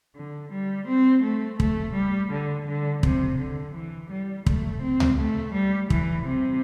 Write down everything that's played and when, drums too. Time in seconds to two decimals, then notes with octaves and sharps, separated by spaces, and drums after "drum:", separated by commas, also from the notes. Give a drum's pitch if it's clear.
0.16 D3
0.52 G3
0.88 C4
1.24 A3
1.60 A3, drum: kick
1.95 G3
2.32 D3
2.67 D3
3.03 C3, drum: kick
3.39 D3
3.74 E3
4.11 G3
4.46 A3, drum: kick
4.82 C4
5.00 drum: tom C#2
5.18 A3
5.54 G3
5.90 E3, drum: kick
6.26 C3